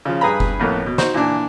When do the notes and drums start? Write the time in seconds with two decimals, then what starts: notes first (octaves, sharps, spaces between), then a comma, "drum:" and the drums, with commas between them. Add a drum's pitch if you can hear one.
0.05 C#3 F3
0.21 G2 G#4 B4 A#5 B5
0.40 drum: kick F#1
0.59 F2 A2 A#3 B3
0.86 B2
0.98 D#4 F#4 C5, drum: snare
1.14 A#2 E3 D4